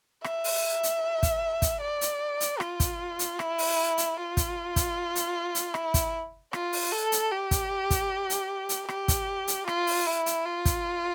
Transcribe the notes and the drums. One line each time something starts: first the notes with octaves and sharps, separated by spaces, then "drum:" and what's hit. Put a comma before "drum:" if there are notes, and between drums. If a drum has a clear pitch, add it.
E5, drum: rim click
drum: open hi-hat
drum: hi-hat
drum: kick, hi-hat
drum: kick, hi-hat
D5
drum: hi-hat
drum: hi-hat
F4, drum: rim click
drum: kick, hi-hat
drum: hi-hat
E4, drum: rim click
drum: open hi-hat
drum: hi-hat
F4
drum: kick, hi-hat
drum: kick, hi-hat
drum: hi-hat
drum: hi-hat
E4, drum: rim click
drum: kick, hi-hat
F4, drum: rim click
drum: open hi-hat
A4
drum: hi-hat
G4
drum: kick, hi-hat
drum: kick, hi-hat
drum: hi-hat
drum: hi-hat
G4, drum: rim click
drum: kick, hi-hat
drum: hi-hat
F4, drum: rim click
drum: open hi-hat
E4
drum: hi-hat
F4
drum: kick, hi-hat